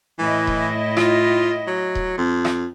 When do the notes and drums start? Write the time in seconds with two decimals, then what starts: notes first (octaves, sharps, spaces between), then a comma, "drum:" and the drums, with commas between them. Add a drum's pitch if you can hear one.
0.19 A2 E3 E4 D#5
0.47 drum: kick D#1
0.97 F4, drum: rim click
1.67 F#3
1.95 drum: kick D#1
2.18 F2
2.45 drum: rim click